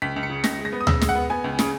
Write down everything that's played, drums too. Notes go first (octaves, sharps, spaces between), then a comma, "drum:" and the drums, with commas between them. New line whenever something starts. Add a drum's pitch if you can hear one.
C#2 B6
C#2
C#7
C#3
C#2 A#6, drum: snare
G#3
A#6
B3
D#6
C#3 E6, drum: tom D2
G#3, drum: snare
F#5
B3
B3 G#5
C#2
C#3, drum: snare